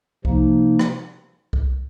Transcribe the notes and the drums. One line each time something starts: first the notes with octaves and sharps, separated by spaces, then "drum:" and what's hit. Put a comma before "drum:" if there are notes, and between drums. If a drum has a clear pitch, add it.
C3 F3 A#3 D#4, drum: kick C2
drum: rim click
drum: kick C2